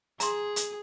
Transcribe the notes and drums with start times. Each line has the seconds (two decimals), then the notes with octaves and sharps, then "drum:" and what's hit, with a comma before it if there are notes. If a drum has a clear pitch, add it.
0.20 G#4 A#5 C6, drum: hi-hat
0.56 drum: hi-hat